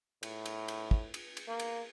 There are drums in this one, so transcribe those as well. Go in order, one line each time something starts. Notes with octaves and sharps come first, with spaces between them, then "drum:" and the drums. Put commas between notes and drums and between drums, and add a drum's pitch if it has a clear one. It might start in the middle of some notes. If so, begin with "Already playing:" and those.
A2, drum: cymbal
drum: cymbal
drum: cymbal
drum: kick
drum: cymbal
drum: cymbal
A#3
drum: cymbal